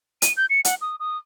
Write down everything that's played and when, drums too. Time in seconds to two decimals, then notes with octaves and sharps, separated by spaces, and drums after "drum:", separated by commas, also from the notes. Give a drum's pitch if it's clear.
0.22 D#7, drum: hi-hat
0.37 G6
0.50 C#7
0.65 F#5, drum: hi-hat
0.81 D#6
1.00 D#6